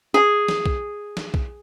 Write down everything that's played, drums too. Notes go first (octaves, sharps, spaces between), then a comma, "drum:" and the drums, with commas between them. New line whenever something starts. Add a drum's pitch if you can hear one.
G#4
drum: snare
drum: kick
drum: snare
drum: kick